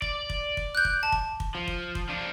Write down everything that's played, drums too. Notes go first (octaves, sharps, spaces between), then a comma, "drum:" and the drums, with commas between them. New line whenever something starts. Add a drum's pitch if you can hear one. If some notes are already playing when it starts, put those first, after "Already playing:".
D5, drum: kick
drum: kick
drum: kick
F#6 G6
drum: kick
A5
drum: kick
drum: kick
F3
drum: kick
drum: kick
F3 D4